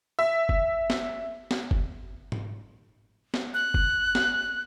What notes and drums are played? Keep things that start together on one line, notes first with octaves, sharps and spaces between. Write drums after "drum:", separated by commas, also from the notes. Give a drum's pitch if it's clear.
E5
drum: kick G1
drum: snare
drum: snare
drum: kick G1
drum: tom G#2
drum: snare
F#6
drum: kick G1
drum: snare